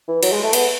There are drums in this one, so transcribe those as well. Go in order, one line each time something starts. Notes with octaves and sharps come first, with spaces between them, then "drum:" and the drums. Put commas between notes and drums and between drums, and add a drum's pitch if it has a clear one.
E3
F#3, drum: cymbal
G#3
A3
B3, drum: cymbal